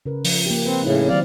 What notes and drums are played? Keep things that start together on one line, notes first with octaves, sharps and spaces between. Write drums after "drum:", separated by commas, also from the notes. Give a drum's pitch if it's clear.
C#3 A#4 B4
F3, drum: open hi-hat
A#3 G4
C4 B4
A2 C#3 D#4 E4
D#3 F#3 G3 C4 D5 F5